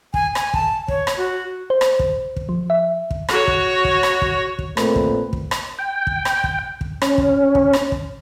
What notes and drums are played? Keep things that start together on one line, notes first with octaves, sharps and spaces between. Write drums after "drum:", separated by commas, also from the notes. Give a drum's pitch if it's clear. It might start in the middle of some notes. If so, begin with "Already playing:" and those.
G#5, drum: kick
G#5, drum: rim click
A5, drum: kick
C#5, drum: kick
drum: rim click
F#4
C5
drum: rim click
drum: kick
drum: kick
F3
E5
drum: kick
F#4 C#5, drum: rim click
drum: kick
drum: kick
drum: rim click
drum: kick
drum: kick
A#2 A3 C4 A#4 B4, drum: rim click
drum: kick
drum: kick
drum: rim click
G5
drum: kick
drum: rim click
drum: kick
drum: kick
C#4, drum: rim click
drum: kick
drum: kick
drum: rim click
drum: kick